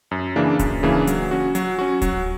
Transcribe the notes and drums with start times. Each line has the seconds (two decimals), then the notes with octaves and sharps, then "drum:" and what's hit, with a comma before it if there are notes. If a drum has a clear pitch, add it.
0.11 F#2
0.36 C#3 E3 A#3 D4
0.59 F#2, drum: kick D1, hi-hat
0.83 C#3 E3 A#3 D4
1.07 F#3, drum: hi-hat
1.31 C#4 F#4
1.55 F#3, drum: hi-hat
1.79 C#4 F#4
2.02 F#3, drum: kick D1, hi-hat